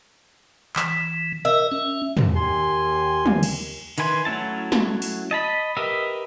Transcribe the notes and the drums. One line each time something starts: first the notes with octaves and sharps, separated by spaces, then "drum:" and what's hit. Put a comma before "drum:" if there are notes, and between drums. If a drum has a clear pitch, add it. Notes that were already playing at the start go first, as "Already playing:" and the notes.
E3, drum: clap
A#4 D#5 E5
C#4
drum: tom
D#2 G4 G#5 C6
drum: tom
drum: cymbal
D#3 E3 B4 G#5 C6, drum: cymbal
F#3 A3 C#4 E4 A5
drum: snare
drum: open hi-hat
D#5 A5 B5
G4 A#4 B4 D#5 E5